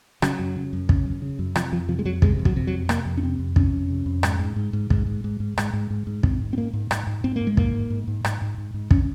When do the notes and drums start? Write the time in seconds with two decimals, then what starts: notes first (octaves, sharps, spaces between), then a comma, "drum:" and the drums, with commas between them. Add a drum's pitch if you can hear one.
0.22 C#3 F#3, drum: rim click
0.39 F#2
0.56 C#3
0.73 F#2
0.89 C#3, drum: kick
1.06 F#2
1.22 C#3
1.39 F#2
1.55 C3 F3, drum: rim click
1.72 F2 F3
1.89 C3 F3
1.99 G#3
2.05 F2 F#3
2.22 C3 G#3, drum: kick
2.39 F2
2.45 F#3, drum: kick
2.56 C3
2.67 F#3
2.73 F2
2.89 C3 A#3, drum: rim click
3.06 F2
3.17 C#4
3.23 C3 C4
3.39 F2
3.56 C3 C#4, drum: kick
3.72 F2
3.90 C3
4.06 F2
4.23 G#2, drum: rim click
4.39 G#2
4.56 G#2
4.73 G#2
4.90 G#2, drum: kick
5.07 G#2
5.24 G#2
5.40 G#2
5.58 G#2, drum: rim click
5.73 G#2
5.90 G#2
6.07 G#2
6.23 G#2 C4, drum: kick
6.40 G#2
6.53 C4
6.57 G#2 A#3
6.73 G#2
6.91 G#2, drum: rim click
7.07 G#2
7.24 G#2 C4
7.36 A#3
7.41 G#2
7.47 G#3
7.57 G#2 A#3, drum: kick
7.74 G#2
7.90 G#2
8.08 G#2
8.25 G#2, drum: rim click
8.42 G#2
8.58 G#2
8.74 G#2
8.91 C#4, drum: kick